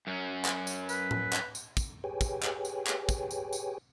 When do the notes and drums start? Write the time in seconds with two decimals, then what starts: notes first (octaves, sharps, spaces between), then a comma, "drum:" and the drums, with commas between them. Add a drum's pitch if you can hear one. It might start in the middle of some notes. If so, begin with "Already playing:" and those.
0.07 F#2 C#4
0.45 drum: clap
0.67 drum: tambourine
0.89 B4, drum: tambourine
1.11 drum: tom A2
1.33 drum: clap
1.55 drum: tambourine
1.77 drum: kick, tambourine
2.04 G4 G#4 B4 C#5 G5 G#5
2.21 drum: kick, tambourine
2.43 drum: clap
2.65 drum: tambourine
2.87 drum: clap
3.09 drum: kick, tambourine
3.31 drum: tambourine
3.53 drum: tambourine